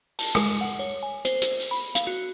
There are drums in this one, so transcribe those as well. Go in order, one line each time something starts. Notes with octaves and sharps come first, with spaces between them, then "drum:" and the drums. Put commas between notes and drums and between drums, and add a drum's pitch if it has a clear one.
A5, drum: open hi-hat
G#3, drum: rim click
F#5
C#5
G#5
C5, drum: hi-hat
drum: hi-hat
drum: open hi-hat
B5
F5, drum: hi-hat
F#4